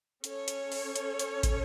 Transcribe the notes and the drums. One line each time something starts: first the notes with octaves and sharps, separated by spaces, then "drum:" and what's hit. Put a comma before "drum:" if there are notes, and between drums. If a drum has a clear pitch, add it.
C#4 A4 C#5, drum: hi-hat
drum: hi-hat
drum: open hi-hat
drum: hi-hat
drum: hi-hat
drum: kick, hi-hat